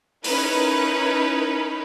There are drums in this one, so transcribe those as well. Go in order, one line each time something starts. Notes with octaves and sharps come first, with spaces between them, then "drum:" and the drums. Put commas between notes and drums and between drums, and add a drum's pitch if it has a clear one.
C#4 D#4 E4 A#4 B4, drum: open hi-hat